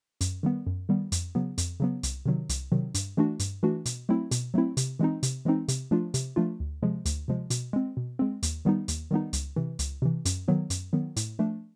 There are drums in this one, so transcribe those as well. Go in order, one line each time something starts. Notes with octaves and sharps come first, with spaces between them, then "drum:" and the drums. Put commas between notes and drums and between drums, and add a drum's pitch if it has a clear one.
F#2, drum: hi-hat
D#3 G3 B3
F#2
D#3 G3 B3
F2, drum: hi-hat
C#3 F#3 B3
F2, drum: hi-hat
C#3 F#3 B3
C2, drum: hi-hat
C3 D#3 F#3
C2, drum: hi-hat
C3 D#3 F#3
G2, drum: hi-hat
E3 A3 D4 F#4
G2, drum: hi-hat
E3 A3 D4 F#4
B2, drum: hi-hat
F#3 A3 C4 E4
B2, drum: hi-hat
F#3 A3 C4 E4
C3, drum: hi-hat
E3 G#3 C4 D#4
C3, drum: hi-hat
E3 G#3 C4 D#4
C3, drum: hi-hat
F3 A3 D4 F4
C3, drum: hi-hat
F3 A3 D4 F4
D2
C3 F3 G#3
D2, drum: hi-hat
C3 F3 G#3
B2, drum: hi-hat
G#3 C4
B2
G#3 C4
D#2, drum: hi-hat
D#3 G3 B3 D#4
D#2, drum: hi-hat
D#3 G3 B3 D#4
C#2, drum: hi-hat
C3 E3
C#2, drum: hi-hat
C3 E3
F#2, drum: hi-hat
D#3 F#3 B3
F#2, drum: hi-hat
D#3 F#3 B3
A2, drum: hi-hat
F3 A3 D4